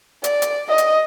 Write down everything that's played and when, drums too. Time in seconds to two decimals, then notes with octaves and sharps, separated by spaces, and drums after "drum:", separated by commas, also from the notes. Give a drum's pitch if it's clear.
0.24 D5, drum: hi-hat
0.42 drum: hi-hat
0.68 D#5
0.78 drum: hi-hat